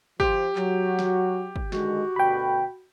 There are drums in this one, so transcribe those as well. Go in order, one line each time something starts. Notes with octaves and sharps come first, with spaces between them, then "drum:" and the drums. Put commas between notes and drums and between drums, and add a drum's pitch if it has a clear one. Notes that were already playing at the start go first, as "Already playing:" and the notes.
F3 G4 C5, drum: kick
F#3 F#4, drum: clap
drum: snare
drum: kick
D3 D#3 G#3 F#4, drum: snare
D2 B2 D3 G5 B5